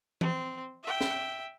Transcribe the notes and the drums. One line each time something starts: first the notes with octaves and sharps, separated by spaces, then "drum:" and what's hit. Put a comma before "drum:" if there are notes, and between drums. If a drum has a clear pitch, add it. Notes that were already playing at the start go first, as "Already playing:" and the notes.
C4, drum: tom E3
E5 G5
drum: snare